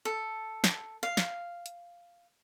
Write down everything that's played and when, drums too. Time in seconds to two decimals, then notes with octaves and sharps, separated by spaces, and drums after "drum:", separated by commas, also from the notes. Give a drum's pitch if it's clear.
0.05 A4
0.64 drum: snare
1.03 F5
1.17 drum: snare
1.66 drum: hi-hat